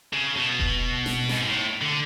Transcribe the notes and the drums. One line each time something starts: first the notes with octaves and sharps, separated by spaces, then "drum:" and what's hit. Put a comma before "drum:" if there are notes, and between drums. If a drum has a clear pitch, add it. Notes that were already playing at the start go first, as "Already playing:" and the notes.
C#3
B2
drum: kick E1
drum: snare
G#2, drum: snare
A2
D3